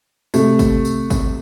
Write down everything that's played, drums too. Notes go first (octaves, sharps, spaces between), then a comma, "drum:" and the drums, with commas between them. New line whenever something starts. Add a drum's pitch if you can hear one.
C3 A3, drum: tambourine
drum: kick G#1, tambourine
drum: tambourine
drum: kick G#1, tambourine